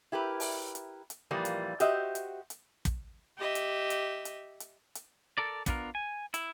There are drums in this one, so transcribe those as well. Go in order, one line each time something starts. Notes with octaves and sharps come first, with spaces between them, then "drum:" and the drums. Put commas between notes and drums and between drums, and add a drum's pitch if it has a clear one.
E4 G4 A#4 B4
drum: open hi-hat
drum: hi-hat
drum: hi-hat
A#2 E3 F3 G3 A#3
drum: hi-hat
F#4 G4 C5 D#5 E5, drum: hi-hat
drum: hi-hat
drum: hi-hat
drum: kick, hi-hat
G4 D#5 E5
drum: hi-hat
drum: hi-hat
drum: hi-hat
drum: hi-hat
drum: hi-hat
A4 A#4 D5
B3 D4 F4 G#4 A#4, drum: kick, hi-hat
G#5
E4, drum: hi-hat